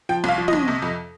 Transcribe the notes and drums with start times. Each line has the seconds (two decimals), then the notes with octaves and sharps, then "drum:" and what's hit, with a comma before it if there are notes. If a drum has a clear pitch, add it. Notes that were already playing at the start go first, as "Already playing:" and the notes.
0.09 F3 G5
0.24 C2 F5
0.38 F3
0.48 C2 D#5, drum: tom
0.68 C3
0.82 F2